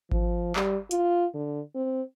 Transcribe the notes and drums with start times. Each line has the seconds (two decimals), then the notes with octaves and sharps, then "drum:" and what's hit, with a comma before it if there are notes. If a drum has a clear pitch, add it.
0.12 F3, drum: kick G#1
0.56 G3, drum: clap
0.91 F4, drum: hi-hat
1.34 D3
1.75 C4